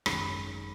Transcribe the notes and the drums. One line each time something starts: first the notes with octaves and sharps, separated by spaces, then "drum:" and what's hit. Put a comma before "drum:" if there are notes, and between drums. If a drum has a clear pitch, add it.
G#1 F#2 D#3 G#3 C#4 B5, drum: rim click